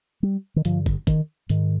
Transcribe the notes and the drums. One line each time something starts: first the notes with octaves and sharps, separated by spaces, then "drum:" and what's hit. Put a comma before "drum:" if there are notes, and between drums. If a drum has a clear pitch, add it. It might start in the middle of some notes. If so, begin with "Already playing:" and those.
G3
D#3
G2 D3 F3, drum: hi-hat
drum: kick
D#3, drum: kick, hi-hat
G#2 D#3, drum: hi-hat